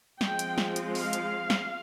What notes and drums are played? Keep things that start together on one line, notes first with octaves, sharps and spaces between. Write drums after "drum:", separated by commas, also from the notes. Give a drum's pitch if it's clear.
F3 G#3 C4 G5, drum: snare
drum: hi-hat
drum: snare
drum: hi-hat
F5, drum: open hi-hat
drum: hi-hat
drum: snare